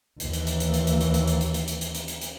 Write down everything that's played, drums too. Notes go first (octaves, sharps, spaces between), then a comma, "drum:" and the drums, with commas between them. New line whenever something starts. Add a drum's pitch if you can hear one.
D#2 E3, drum: hi-hat
drum: hi-hat
drum: hi-hat
drum: hi-hat
drum: hi-hat
drum: hi-hat
drum: hi-hat
drum: hi-hat
drum: hi-hat
drum: hi-hat
drum: hi-hat
drum: hi-hat
drum: hi-hat
drum: hi-hat
drum: hi-hat
drum: hi-hat